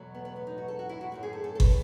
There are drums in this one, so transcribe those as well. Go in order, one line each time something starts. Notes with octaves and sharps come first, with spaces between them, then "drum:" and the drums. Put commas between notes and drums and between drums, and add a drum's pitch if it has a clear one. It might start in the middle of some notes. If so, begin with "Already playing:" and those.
Already playing: E2 B2 F#3 A3
B3
B3
B3
D#4
F#4
A4
F#4
E4
F#4
F#2 D#3 A3 F#4
G#4
A4
A4
A4
B4, drum: kick G1